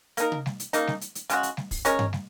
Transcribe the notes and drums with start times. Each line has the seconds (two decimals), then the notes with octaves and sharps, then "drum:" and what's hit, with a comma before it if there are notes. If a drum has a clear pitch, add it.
0.17 A#3 D#4 A#4, drum: hi-hat
0.32 drum: tom C3
0.46 drum: snare
0.60 drum: hi-hat
0.73 C#3 A#3 D#4, drum: hi-hat
0.87 drum: snare
1.01 drum: hi-hat
1.15 drum: hi-hat
1.30 C#3 G#3 F#4, drum: hi-hat
1.43 drum: hi-hat
1.57 drum: snare
1.71 drum: kick, open hi-hat
1.85 G#3 C#4 A#4 C#5, drum: hi-hat
1.99 drum: tom G2
2.13 drum: snare